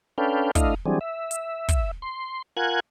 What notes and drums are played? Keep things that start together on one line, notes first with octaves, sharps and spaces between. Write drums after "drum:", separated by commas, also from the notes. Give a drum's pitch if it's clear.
C#4 D4 A4 B4 F5 G5
A3 D4 E4 D#5 F5, drum: kick, hi-hat
E3 F#3 G3 C4 D4 G#4
E5
drum: hi-hat
drum: kick, hi-hat
C6
F4 A#4 F#5 G#5 F#6 G#6